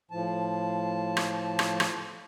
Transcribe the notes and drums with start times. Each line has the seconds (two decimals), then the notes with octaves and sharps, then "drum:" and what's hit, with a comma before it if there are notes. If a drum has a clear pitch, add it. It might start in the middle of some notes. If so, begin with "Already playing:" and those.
0.11 A2 F3 A5
1.17 drum: rim click
1.59 drum: rim click
1.80 drum: rim click